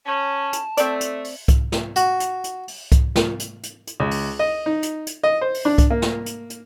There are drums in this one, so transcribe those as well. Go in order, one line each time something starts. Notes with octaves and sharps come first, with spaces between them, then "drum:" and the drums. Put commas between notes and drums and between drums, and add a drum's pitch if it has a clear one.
C#4 A5
drum: hi-hat
A3 C4 D5, drum: hi-hat
drum: hi-hat
drum: open hi-hat
drum: kick C2, hi-hat
drum: snare
F#4, drum: hi-hat
drum: hi-hat
drum: hi-hat
drum: open hi-hat
drum: kick C2, hi-hat
drum: snare
drum: hi-hat
drum: hi-hat
drum: hi-hat
C#2
drum: open hi-hat
D#5
D#4
drum: hi-hat
drum: hi-hat
D#5
C5
drum: open hi-hat
D4
drum: kick C2, hi-hat
A#3
drum: snare
drum: hi-hat
drum: hi-hat